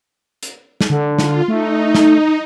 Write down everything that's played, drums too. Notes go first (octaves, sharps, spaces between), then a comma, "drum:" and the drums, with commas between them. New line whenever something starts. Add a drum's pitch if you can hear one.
drum: hi-hat
drum: snare
D3
F4, drum: snare
A3 D#4
drum: snare